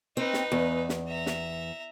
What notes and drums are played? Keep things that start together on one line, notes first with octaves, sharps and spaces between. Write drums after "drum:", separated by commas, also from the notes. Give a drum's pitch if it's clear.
C4 D#4 B4
drum: snare
E2
drum: snare
E5 A#5
drum: snare